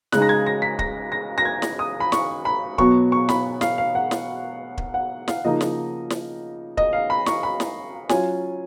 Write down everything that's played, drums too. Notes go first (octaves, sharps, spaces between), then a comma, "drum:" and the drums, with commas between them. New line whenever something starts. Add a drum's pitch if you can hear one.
C#3 G#3 D#4 F#6, drum: snare
A#6
G#6
A#6
B6
A#6, drum: kick
A#6
A#6
G#6
drum: snare
D#6
B5
C#6, drum: snare
B5
B2 F#3 B3 C#6, drum: kick
C#6
B5, drum: snare
F5, drum: snare
F5
F#5
drum: snare
drum: kick
F#5
F5, drum: snare
C#3 F3 A#3 D#4 D#5
drum: snare
drum: snare
D#5, drum: kick
F5
B5
C#6, drum: snare
B5
drum: snare
F#3 C#4 F4 G#5, drum: snare